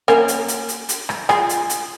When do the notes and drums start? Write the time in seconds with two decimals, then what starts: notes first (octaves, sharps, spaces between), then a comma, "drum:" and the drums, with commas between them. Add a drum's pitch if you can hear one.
0.08 A#3 C#4, drum: rim click
0.28 drum: hi-hat
0.48 drum: hi-hat
0.68 drum: hi-hat
0.89 drum: hi-hat
1.09 drum: rim click
1.29 F4 G#4, drum: rim click
1.49 drum: hi-hat
1.69 drum: hi-hat